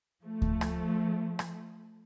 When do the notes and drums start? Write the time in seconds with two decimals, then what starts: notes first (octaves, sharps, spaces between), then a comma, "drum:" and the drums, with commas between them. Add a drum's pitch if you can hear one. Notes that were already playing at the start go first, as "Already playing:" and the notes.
0.22 F3 A3
0.42 drum: kick D2
0.61 drum: rim click
1.39 drum: rim click